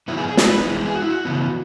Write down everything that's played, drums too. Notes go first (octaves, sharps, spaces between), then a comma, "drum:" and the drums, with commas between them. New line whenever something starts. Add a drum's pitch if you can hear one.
D#3 F#3 B3 E4
G#4
G#4
A4, drum: snare
B4
D#4
E3 G#3 B3 E4
E4
G#4
F#4
E4
F#4
C#3 E3 B3